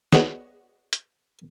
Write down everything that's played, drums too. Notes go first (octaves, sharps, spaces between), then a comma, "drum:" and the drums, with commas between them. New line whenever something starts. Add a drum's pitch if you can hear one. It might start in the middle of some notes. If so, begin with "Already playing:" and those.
B3 D4 F#4 G#4 C#5 D#5, drum: snare
drum: hi-hat